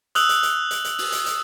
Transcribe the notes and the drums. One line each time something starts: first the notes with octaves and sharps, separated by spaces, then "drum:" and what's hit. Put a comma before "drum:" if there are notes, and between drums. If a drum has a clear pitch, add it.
D#6 E6 F#6 F7 F#7, drum: hi-hat
drum: hi-hat
drum: hi-hat
drum: hi-hat
drum: hi-hat
drum: open hi-hat
drum: hi-hat
drum: hi-hat